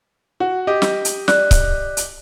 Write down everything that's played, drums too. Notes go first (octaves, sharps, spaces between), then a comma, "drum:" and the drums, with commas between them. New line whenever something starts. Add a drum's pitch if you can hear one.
F#4
G4 D#5 D6
drum: snare
drum: hi-hat
D5 F#6, drum: snare
drum: kick C#1, hi-hat
drum: hi-hat